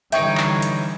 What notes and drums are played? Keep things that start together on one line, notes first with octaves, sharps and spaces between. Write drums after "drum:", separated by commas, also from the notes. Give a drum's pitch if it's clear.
D3 E3 G3 D#4 C#5 E5 G5, drum: hi-hat
drum: clap
drum: hi-hat